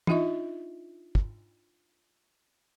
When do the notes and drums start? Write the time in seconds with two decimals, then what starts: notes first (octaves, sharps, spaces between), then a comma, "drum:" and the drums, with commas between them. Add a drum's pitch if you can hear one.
0.07 D4 D#4 F4 D#5 E5 C#6, drum: tom E3
1.15 drum: kick